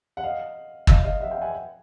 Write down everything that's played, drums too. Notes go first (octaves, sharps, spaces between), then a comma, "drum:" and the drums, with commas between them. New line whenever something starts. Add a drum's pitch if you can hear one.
F#5
D#5 F5
D#5 F5, drum: kick
D#5 F5
E5 F#5
F5 G5
F#5 G#5